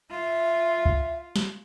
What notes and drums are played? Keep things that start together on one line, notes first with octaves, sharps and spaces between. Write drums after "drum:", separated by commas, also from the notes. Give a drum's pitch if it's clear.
F4 E5
drum: kick C2
drum: snare